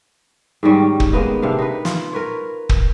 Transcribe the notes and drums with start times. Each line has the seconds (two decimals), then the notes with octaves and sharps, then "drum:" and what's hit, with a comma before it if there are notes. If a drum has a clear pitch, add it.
0.63 G#2 D#3 G3 C#4
1.00 drum: kick
1.13 G#3 A#3 B3 D#4
1.42 C3 D4 F5
1.59 D#4 B4
1.85 F4, drum: snare
2.13 A#4 B4 C#5
2.69 drum: kick